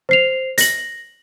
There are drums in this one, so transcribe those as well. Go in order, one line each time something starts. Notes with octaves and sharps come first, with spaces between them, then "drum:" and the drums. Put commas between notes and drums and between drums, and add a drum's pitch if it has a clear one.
C5 C7 F7
A#6 F#7, drum: hi-hat